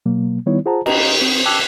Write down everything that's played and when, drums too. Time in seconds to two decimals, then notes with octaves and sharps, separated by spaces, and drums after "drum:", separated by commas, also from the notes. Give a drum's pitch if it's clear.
0.06 B2 F#3 A#3
0.46 D#3 G3 B3 D#4 E4 C#5
0.66 F4 G#4 C5 F#5 A5 A#5
0.86 D#5 A#5, drum: cymbal
1.21 C4
1.46 G5 A5 D6 E6 F#6 G#6